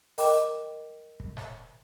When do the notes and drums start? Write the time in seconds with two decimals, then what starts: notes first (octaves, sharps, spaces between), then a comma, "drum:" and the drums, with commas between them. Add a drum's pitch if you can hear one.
0.18 A#4 D#5 G5 D6, drum: open hi-hat
1.20 drum: kick
1.37 drum: snare G#2